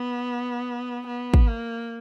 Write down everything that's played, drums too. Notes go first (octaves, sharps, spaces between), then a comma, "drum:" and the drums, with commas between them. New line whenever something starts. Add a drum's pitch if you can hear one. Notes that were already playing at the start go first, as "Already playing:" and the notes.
Already playing: B3
B3
drum: kick
A#3